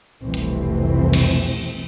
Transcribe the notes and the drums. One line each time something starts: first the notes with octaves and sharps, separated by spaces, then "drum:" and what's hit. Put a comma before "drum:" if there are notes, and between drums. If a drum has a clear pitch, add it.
F1 C2 B2 E3 A3 C4
drum: hi-hat
drum: cymbal